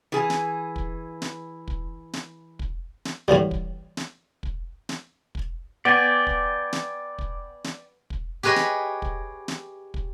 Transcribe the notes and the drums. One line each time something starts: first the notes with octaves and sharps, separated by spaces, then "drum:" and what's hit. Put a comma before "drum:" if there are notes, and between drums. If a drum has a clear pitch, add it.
E3 G#4
drum: snare
drum: kick
drum: snare
drum: kick
drum: snare
drum: kick
drum: snare
A2 E3 F#3 G3
drum: kick
drum: snare
drum: kick
drum: snare
drum: kick
B3 D5 G5 G#5 D6
drum: kick
drum: snare
drum: kick
drum: snare
drum: kick
G4 G#4 B4 C#5 D#5
drum: snare
drum: kick
drum: snare
drum: kick